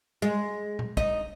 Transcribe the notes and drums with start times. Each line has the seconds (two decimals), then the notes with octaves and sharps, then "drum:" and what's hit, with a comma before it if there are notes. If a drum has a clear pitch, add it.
0.22 G#3
0.79 drum: tom A#2
0.97 D#4, drum: kick